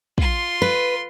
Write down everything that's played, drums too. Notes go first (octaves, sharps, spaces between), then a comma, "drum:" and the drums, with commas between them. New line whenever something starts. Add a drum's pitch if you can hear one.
F4 C6, drum: kick
B4